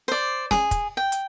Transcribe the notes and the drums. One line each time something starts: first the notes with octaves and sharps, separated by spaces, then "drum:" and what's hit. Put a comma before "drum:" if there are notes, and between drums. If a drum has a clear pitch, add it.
C5 D5
G#4, drum: snare
drum: kick, hi-hat
G5
drum: hi-hat